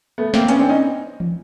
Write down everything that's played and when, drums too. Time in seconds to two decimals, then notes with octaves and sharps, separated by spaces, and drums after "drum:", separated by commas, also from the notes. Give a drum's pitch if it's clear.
0.18 A3 B3
0.34 A#3 C4, drum: snare
0.48 B3 C#4, drum: hi-hat
0.59 C4 D4
0.69 C#4 D#4
1.20 drum: tom E3